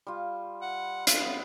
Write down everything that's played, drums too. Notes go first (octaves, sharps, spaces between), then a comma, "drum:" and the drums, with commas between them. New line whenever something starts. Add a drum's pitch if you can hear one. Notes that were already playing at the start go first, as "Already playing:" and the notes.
G3 F4
F#5
F5, drum: hi-hat
B3